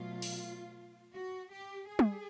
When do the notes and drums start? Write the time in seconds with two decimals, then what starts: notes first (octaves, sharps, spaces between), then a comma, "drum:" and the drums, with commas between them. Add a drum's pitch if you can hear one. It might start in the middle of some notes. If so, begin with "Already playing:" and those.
Already playing: B2 F#3 A3 F4
0.22 drum: open hi-hat
1.14 F#4
1.51 G4
1.88 G#4
1.99 drum: tom